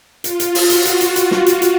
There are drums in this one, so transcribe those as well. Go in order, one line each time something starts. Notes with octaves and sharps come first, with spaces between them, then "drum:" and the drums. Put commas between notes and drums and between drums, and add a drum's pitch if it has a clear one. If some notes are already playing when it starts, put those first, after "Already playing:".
F4, drum: hi-hat
drum: hi-hat
drum: open hi-hat
F#4, drum: hi-hat
drum: hi-hat
drum: hi-hat
drum: hi-hat
drum: snare
drum: hi-hat
drum: hi-hat